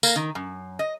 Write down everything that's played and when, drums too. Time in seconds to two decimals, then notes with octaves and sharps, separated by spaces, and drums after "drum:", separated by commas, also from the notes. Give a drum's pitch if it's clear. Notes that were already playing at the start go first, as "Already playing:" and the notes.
0.03 A#3, drum: tambourine
0.16 D#3
0.35 F#2
0.79 D#5